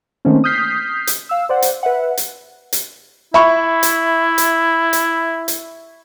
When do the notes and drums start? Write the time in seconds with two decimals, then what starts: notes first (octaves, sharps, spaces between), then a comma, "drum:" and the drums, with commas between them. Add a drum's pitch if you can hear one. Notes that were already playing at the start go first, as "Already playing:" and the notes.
0.25 D#3 A3 A#3 C4 C#4
0.44 D#6 F6 G6 B6 C7
1.07 drum: hi-hat
1.29 F5 E6
1.49 C5 D5 F#5
1.62 drum: hi-hat
1.83 B4 E5 F#5
2.17 drum: hi-hat
2.73 drum: hi-hat
3.34 E4 E5 B5 C#6
3.83 drum: hi-hat
4.38 drum: hi-hat
4.93 drum: hi-hat
5.48 drum: hi-hat